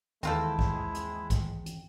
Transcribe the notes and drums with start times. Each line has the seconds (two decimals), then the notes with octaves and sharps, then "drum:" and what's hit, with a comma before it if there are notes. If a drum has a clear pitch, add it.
0.23 D#2 E3 G#3 C4 E4 F4 A4 G5, drum: hi-hat
0.59 drum: kick B1
0.94 drum: hi-hat
1.30 drum: kick B1, hi-hat
1.66 drum: hi-hat